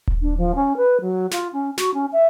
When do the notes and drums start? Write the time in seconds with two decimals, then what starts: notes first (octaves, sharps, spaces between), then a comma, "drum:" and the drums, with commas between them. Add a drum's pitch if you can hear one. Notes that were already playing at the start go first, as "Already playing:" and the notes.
0.07 drum: kick D#1
0.22 D4
0.37 F3
0.55 C#4
0.77 B4
1.01 F#3
1.31 F4, drum: snare
1.53 C#4
1.78 F#4, drum: snare
1.94 C#4
2.13 E5